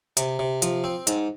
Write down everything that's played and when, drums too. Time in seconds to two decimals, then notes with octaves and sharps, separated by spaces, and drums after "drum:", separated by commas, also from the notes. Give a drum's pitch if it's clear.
0.17 C3, drum: hi-hat
0.39 C3
0.62 F3, drum: hi-hat
0.84 C4
1.07 G#2, drum: hi-hat